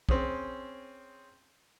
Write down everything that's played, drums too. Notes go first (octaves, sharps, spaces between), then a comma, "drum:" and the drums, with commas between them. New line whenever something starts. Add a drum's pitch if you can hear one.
C4 C#4 G#4, drum: kick A#1